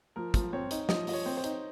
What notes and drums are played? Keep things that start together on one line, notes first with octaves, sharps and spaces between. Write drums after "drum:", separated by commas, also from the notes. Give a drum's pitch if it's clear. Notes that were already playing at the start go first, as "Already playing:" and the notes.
F3 A#4
F3, drum: kick, hi-hat
C4 C#5
D#4, drum: hi-hat
F3 D#5, drum: snare
F3 D#5, drum: open hi-hat
C#5
C4
C5
D#4, drum: hi-hat